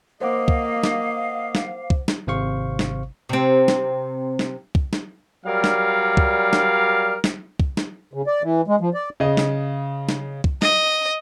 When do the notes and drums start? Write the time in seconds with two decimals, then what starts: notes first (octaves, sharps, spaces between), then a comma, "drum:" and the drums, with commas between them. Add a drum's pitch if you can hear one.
0.21 A#3 C5 D#5 F5 F#5 D6
0.48 drum: kick
0.84 drum: snare
1.55 drum: snare
1.90 drum: kick
2.08 drum: snare
2.27 G#1 C3 C5 F5 C#6
2.79 drum: snare
3.29 C3 C4
3.68 drum: snare
4.39 drum: snare
4.75 drum: kick
4.93 drum: snare
5.46 F#3 G3 A#4 D5 F5
5.64 drum: snare
6.17 drum: kick
6.53 drum: snare
7.24 drum: snare
7.60 drum: kick
7.77 drum: snare
8.14 C#3
8.27 D5
8.42 E3
8.68 G#3
8.81 F3
8.94 D5
9.20 C#3 D#5
9.37 drum: snare
10.09 drum: snare
10.44 drum: kick
10.62 D#5, drum: snare